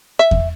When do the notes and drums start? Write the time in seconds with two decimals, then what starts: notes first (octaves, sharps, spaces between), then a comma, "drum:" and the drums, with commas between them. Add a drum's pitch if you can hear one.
0.19 E5
0.31 drum: kick E2